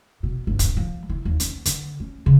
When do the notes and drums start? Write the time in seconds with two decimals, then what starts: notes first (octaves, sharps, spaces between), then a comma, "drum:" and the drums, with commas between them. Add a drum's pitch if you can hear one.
0.23 B2
0.47 G1
0.59 drum: kick, hi-hat
0.77 F3
1.09 E3
1.25 D#2
1.40 C#4, drum: hi-hat
1.65 D3, drum: hi-hat
2.00 C#4
2.26 C#3